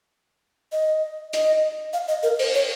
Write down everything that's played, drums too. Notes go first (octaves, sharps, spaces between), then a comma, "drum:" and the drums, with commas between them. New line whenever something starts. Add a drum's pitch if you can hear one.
D#5
D#5, drum: hi-hat
F5
D#5
A#4
C5, drum: open hi-hat
C#5